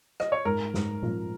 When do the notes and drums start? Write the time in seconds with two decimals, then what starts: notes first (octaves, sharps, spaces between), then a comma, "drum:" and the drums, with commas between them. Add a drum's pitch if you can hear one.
0.20 D#5, drum: rim click
0.32 C#5
0.45 G#2 A#4
0.74 G#2, drum: snare
1.03 F3, drum: tom A#2